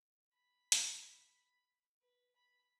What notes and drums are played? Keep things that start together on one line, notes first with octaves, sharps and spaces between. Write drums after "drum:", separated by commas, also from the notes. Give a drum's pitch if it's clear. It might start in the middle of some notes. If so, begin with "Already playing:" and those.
B5
drum: hi-hat
B4
B5